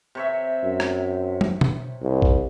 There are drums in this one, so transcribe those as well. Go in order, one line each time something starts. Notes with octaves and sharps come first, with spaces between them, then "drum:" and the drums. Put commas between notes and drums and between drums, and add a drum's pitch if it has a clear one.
C3 C#5 E5
F#2
drum: rim click
drum: tom
drum: tom B2
C2
drum: kick A#1